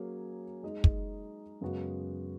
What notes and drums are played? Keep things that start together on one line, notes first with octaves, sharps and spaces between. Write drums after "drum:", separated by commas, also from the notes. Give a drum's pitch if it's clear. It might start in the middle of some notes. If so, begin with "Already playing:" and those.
Already playing: F#3 A#3 C#4 G#4
G#3 D#4 G#4 D#5
drum: kick
F#2 C#3 G#3 B3 F#4